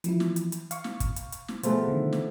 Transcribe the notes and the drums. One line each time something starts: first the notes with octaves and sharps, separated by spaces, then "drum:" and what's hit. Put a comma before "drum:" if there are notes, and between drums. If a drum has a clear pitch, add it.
E3 F3 E4, drum: hi-hat
drum: snare
drum: hi-hat
drum: hi-hat
F5 C#6, drum: hi-hat
drum: snare
drum: kick, hi-hat
drum: hi-hat
drum: hi-hat
drum: snare
B2 F3 A3 B3 G#4, drum: hi-hat
D3 D#3
drum: snare